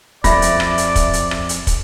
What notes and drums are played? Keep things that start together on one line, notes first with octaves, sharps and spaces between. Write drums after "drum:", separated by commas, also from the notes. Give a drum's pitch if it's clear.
F2 D5 E5 B5 A#6, drum: kick, hi-hat
drum: hi-hat
drum: rim click
drum: hi-hat
drum: kick, hi-hat
drum: hi-hat
drum: rim click
drum: hi-hat
drum: kick, hi-hat